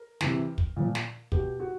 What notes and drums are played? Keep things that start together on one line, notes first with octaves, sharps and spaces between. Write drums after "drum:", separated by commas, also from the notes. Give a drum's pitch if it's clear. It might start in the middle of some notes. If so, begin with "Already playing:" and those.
Already playing: A#4
C3 E3, drum: snare
drum: kick
A#2 F3
drum: snare
B2 G4, drum: kick
F#4